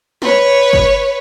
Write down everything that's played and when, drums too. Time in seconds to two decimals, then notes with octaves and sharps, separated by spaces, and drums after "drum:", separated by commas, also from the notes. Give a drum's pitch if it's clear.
0.22 B4 C#5, drum: snare
0.73 drum: kick